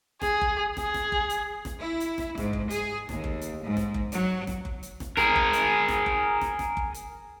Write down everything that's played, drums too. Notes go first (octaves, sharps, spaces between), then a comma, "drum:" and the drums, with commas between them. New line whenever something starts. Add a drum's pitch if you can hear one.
G#4, drum: snare
drum: kick F#1
G#4, drum: snare
drum: snare
drum: kick F#1
drum: hi-hat
drum: snare
E4
drum: hi-hat
drum: snare
G#2, drum: snare
drum: kick F#1
G#4, drum: hi-hat
D#2, drum: snare
drum: kick F#1
drum: hi-hat
G#2
drum: snare
drum: kick F#1
F#3, drum: hi-hat
drum: snare
drum: kick F#1
drum: hi-hat
drum: snare
G#4 A#4, drum: snare
drum: kick F#1
drum: hi-hat
drum: snare
drum: kick F#1
drum: snare
drum: snare
drum: kick F#1
drum: hi-hat